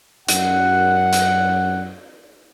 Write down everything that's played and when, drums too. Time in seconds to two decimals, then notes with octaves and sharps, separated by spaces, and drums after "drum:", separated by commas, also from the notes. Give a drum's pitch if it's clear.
0.28 F#2 F#5, drum: hi-hat
1.13 drum: hi-hat